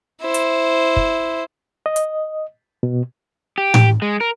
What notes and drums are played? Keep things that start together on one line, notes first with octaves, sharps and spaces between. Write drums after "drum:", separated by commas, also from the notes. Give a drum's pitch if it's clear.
E4 C5
drum: hi-hat
drum: kick
D#5
drum: hi-hat
B2
G4
drum: tom A2
G#3
A#4